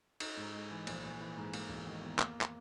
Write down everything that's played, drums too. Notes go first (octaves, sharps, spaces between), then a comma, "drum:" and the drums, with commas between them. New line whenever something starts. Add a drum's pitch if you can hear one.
D#4, drum: cymbal
G#2
G#3
E3
A#1, drum: cymbal
A#1
E3
G#2
A#3, drum: cymbal
E1
D#3
E2
A#3, drum: clap
drum: clap